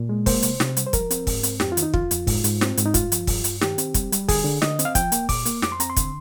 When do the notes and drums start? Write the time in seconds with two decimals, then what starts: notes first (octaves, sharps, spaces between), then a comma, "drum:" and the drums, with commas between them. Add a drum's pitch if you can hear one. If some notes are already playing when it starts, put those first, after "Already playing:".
Already playing: A#2
0.09 G#3
0.26 A#3 C5, drum: kick, open hi-hat
0.42 C3, drum: hi-hat
0.60 C3, drum: snare
0.77 G3, drum: hi-hat
0.87 C5
0.93 F3 A#4, drum: kick, hi-hat
1.11 C4, drum: hi-hat
1.27 G#2, drum: kick, open hi-hat
1.43 C4, drum: hi-hat
1.60 F2 G4, drum: snare
1.72 F4
1.77 D#3, drum: hi-hat
1.82 D#4
1.94 F2 F4, drum: kick
2.11 F2, drum: hi-hat
2.27 G#2, drum: kick, open hi-hat
2.44 G#2, drum: hi-hat
2.61 C4, drum: snare
2.77 G#2, drum: hi-hat
2.86 D#4
2.94 G2 F4, drum: kick, hi-hat
3.12 F3, drum: hi-hat
3.27 G2, drum: kick, open hi-hat
3.44 G2, drum: hi-hat
3.61 D#3 G4, drum: snare
3.78 C4, drum: hi-hat
3.94 G3, drum: kick, hi-hat
4.12 G3, drum: hi-hat
4.29 D3 G#4, drum: kick, open hi-hat
4.45 D3
4.62 D3 D#5, drum: snare
4.79 C4, drum: hi-hat
4.85 F5
4.95 F3 G5, drum: kick, hi-hat
5.12 A#3, drum: hi-hat
5.29 A#2 D6, drum: kick, open hi-hat
5.45 A#3, drum: hi-hat
5.62 F2 D6, drum: snare
5.72 C6
5.80 C4 A#5, drum: hi-hat
5.90 C6
5.96 D3, drum: kick, hi-hat